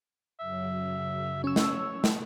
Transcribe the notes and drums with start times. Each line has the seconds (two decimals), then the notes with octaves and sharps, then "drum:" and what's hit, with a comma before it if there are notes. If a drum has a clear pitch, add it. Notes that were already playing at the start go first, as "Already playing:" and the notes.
0.40 F#2 C#3 F#3 E5
1.44 C#4 C#5 E6
1.56 drum: snare
2.04 drum: snare